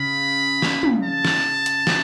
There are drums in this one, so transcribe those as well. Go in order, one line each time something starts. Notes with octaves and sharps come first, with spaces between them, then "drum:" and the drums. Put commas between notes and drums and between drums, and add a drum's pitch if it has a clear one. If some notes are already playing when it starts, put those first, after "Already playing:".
Already playing: C#3 B5
drum: snare
drum: tom
A5
drum: snare
drum: hi-hat
drum: snare